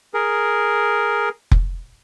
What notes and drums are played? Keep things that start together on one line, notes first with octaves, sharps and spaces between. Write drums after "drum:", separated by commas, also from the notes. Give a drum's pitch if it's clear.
G#4 A#4
drum: kick F1